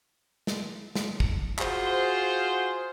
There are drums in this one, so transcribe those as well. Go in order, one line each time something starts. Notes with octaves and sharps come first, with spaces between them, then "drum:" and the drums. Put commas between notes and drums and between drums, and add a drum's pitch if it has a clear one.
drum: snare
drum: snare
drum: kick
F4 F#4 G#4 C5, drum: clap